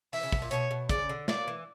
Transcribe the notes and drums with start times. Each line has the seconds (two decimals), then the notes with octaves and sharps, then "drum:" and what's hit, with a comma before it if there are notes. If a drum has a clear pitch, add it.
0.13 E3 E5, drum: open hi-hat
0.23 C#3
0.32 B2, drum: kick
0.42 A#2
0.51 B2 C#5, drum: hi-hat
0.71 B2
0.89 C#3 D5, drum: kick, hi-hat
1.09 D3
1.28 F#3 A#3 D5, drum: snare
1.47 E3